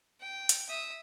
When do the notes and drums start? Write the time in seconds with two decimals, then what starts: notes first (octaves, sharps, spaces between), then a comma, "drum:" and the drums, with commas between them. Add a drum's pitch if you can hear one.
0.20 G5
0.49 drum: hi-hat
0.69 E5 D#6